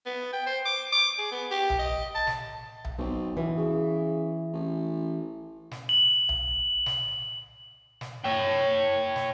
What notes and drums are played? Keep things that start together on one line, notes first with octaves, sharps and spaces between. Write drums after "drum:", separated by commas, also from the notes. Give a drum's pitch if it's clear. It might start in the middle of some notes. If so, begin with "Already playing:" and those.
B3
G5
C5
D6
D6
G#4
B3
G4
drum: tom B1
D#5
A5
drum: snare
drum: tom B1
B1 C4
B2 E3
C#3
A1
drum: snare
F#7
drum: tom B1
drum: snare
drum: snare
C#5 G5
drum: snare